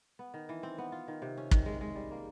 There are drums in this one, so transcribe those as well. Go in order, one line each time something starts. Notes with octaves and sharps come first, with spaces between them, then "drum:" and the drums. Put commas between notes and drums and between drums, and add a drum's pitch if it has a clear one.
B3
D#3
E3
C4
B3
F4
D#3
C3
C#4
D#3, drum: kick
G#3
G#3
G3
A#3